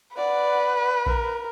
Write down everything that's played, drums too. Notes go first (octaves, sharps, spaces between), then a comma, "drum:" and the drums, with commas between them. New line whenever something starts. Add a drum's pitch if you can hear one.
B4 D5 F#5
A#4, drum: kick A#1